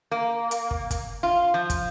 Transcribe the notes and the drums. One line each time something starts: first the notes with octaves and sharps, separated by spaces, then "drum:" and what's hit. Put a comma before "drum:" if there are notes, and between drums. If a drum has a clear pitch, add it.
A#3
drum: hi-hat
drum: kick
drum: kick, hi-hat
F4
F3
drum: kick, hi-hat